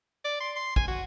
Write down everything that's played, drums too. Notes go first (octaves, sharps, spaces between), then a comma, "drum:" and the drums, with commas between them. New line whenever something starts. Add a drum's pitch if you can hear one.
D5
C6
C6
G#5, drum: kick
F#4